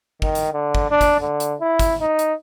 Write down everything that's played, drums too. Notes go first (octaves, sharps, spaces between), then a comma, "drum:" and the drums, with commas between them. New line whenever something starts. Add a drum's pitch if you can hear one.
D#3, drum: kick
drum: hi-hat
D3
drum: kick
D4
drum: kick, hi-hat
D3
drum: hi-hat
E4
drum: kick, hi-hat
D#4
drum: hi-hat